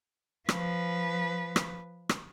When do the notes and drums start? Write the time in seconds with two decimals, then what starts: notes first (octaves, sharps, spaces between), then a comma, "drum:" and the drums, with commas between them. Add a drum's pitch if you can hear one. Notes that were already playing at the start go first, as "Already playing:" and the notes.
0.49 F3 B4, drum: rim click
1.56 drum: rim click
2.09 drum: rim click